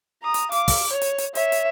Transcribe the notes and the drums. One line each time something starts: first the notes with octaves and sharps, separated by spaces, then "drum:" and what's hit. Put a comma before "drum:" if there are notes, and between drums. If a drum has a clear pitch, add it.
A#5 D#6
drum: hi-hat
F5 D6, drum: hi-hat
drum: kick, open hi-hat
C#5
drum: hi-hat
drum: hi-hat
C#5 E5, drum: hi-hat
drum: hi-hat